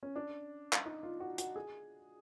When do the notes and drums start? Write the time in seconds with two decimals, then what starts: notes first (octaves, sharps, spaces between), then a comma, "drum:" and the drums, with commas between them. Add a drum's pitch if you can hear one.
0.03 C#4
0.16 D4
0.73 drum: clap
0.85 D#4
1.03 F4
1.20 F#4
1.38 F#4, drum: hi-hat
1.56 G#4